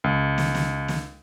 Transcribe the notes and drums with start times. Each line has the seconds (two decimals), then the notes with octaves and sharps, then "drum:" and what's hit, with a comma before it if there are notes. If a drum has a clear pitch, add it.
0.04 C#2
0.38 drum: snare
0.55 drum: snare
0.88 drum: snare